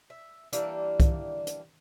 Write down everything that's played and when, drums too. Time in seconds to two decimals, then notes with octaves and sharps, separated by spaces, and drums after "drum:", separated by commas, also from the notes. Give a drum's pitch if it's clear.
0.10 E5
0.53 E3 G3 A#3 D4, drum: hi-hat
1.00 drum: kick, hi-hat
1.47 drum: hi-hat